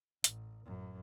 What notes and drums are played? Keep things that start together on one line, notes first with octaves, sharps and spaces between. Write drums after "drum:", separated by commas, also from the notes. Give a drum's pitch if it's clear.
A1, drum: hi-hat
A1 F#2